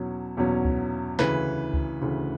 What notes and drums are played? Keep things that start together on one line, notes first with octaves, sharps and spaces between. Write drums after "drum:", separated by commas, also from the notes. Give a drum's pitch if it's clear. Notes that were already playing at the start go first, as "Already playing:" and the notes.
Already playing: E2 B2 F#3 C#4
E2 B2 F#3 C#4
drum: kick C#2
D2 C#3 E3 B4, drum: snare
drum: kick C#2
D2 C#3 E3